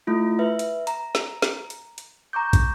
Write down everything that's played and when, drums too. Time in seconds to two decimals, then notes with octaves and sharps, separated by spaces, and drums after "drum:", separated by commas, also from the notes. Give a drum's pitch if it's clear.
0.07 A3 E4 F4
0.39 B4 E5
0.59 drum: hi-hat
0.87 A#5, drum: hi-hat
1.15 drum: snare
1.42 drum: snare
1.70 drum: hi-hat
1.98 drum: hi-hat
2.33 A#5 C#6 D6 G6
2.53 drum: kick, hi-hat